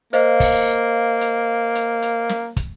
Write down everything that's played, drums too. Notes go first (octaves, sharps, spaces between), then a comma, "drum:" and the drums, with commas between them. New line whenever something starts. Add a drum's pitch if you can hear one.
A#3 C5 D#5 F5, drum: hi-hat
drum: kick, open hi-hat
drum: hi-hat
drum: hi-hat
drum: hi-hat
drum: snare
drum: kick, hi-hat